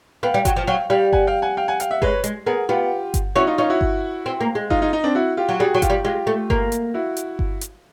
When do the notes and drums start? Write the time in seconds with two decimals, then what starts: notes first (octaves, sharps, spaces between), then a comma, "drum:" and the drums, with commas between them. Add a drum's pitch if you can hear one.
0.23 B3 F5 G5
0.34 G3
0.45 F#3, drum: kick G1, hi-hat
0.56 F3
0.67 F#3 F5 G5
0.90 G3 F5 G5
1.13 F#5 G#5, drum: kick G1
1.27 F5 G5
1.42 F#5 G#5
1.57 F5 G5
1.68 F#5 G#5
1.80 F5 G5, drum: hi-hat
1.91 E5 F#5
2.02 G#3 B4 C#5, drum: kick G1
2.24 G#3, drum: hi-hat
2.47 B3 G#4 A#4
2.69 B3 F4 G4
3.14 drum: kick G1, hi-hat
3.36 C#4 E4 F#4
3.47 D#4 F4
3.58 C#4 D#4 F4
3.70 E4 F#4
3.81 drum: kick G1
4.26 C4
4.41 A#3
4.55 G#3
4.70 D#4 F4, drum: kick G1
4.82 D#4 F4
4.93 D#4
5.04 C4 D4
5.15 E4 F#4
5.37 F4 G4
5.49 F#3
5.60 G3 F#4 G#4
5.75 F#3
5.82 F4 G4, drum: kick G1, hi-hat
5.90 G3
6.04 G#3 F4 G4
6.27 A3
6.50 A#3, drum: kick G1
6.72 drum: hi-hat
6.94 E4 F#4
7.17 drum: hi-hat
7.39 drum: kick G1
7.61 drum: hi-hat